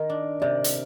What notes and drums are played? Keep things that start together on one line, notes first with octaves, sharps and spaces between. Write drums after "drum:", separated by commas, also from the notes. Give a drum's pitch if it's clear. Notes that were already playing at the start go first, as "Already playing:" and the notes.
Already playing: D#3 A#4
D4
C3 D5
drum: hi-hat